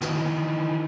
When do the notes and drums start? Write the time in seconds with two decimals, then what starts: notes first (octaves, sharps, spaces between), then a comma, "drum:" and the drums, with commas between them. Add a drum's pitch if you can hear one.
0.01 D#3 E3, drum: snare